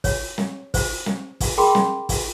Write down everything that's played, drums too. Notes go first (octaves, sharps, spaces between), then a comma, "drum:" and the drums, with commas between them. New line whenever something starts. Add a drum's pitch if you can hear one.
C#5, drum: kick, open hi-hat
drum: snare
C5, drum: kick, open hi-hat
drum: snare
drum: kick, open hi-hat
G#4 A#4 G5 B5 C6 D6
drum: snare
drum: kick, open hi-hat